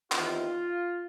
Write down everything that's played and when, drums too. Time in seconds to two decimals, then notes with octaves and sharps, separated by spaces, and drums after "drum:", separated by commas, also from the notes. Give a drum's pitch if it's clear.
0.12 E2 C3 D#3 F4, drum: clap